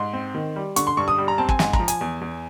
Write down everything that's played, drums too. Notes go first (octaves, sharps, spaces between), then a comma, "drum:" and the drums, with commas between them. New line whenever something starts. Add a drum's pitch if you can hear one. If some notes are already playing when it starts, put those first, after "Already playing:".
Already playing: G#2 C6
C4
D#3
G3
D3 C#6, drum: hi-hat
C6
G2 C#6
D#6
G3
A#5
C4 A5
G#5, drum: kick
G#2 G#5, drum: snare
A#5, drum: kick
F3
G#5, drum: hi-hat
E2
E2